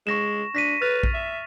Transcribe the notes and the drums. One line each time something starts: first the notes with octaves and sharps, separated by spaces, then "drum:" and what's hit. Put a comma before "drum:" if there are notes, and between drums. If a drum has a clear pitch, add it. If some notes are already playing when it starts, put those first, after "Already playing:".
G#3 C#6 A#6 E7
D4 A#6 B6 D#7
B4 F6 A6 F7
drum: kick A#1
E5